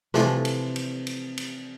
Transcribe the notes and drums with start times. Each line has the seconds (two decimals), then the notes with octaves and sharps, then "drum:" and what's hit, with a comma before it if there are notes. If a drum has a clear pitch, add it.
0.14 C3 E3 F3 A3, drum: snare
0.45 drum: cymbal
0.76 drum: cymbal
1.07 drum: cymbal
1.38 drum: cymbal